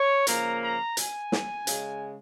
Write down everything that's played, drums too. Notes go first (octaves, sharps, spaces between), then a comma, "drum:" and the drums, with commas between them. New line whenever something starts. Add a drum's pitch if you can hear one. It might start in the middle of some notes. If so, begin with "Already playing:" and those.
Already playing: C#5
C#3 F3 A#3 A#5, drum: hi-hat
A#5
G#5, drum: hi-hat
drum: snare
C#3 G#3, drum: hi-hat